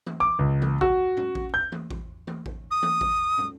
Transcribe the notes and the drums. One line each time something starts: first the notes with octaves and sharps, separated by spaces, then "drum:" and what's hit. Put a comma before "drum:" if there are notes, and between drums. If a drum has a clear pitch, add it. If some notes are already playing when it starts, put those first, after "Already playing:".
drum: tom E3
D6
C#2
drum: tom E3
F#4, drum: kick A1
drum: tom
drum: kick A1
G6
drum: tom E3
drum: kick A1
drum: tom E3
drum: kick A1
D#6
drum: tom E3
drum: kick A1
drum: tom